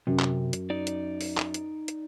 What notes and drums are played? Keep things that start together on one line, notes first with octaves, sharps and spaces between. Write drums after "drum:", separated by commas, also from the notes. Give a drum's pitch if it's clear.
F#2 C3
drum: clap
drum: hi-hat
D#4 D5
drum: hi-hat
drum: open hi-hat
drum: clap
drum: hi-hat
drum: hi-hat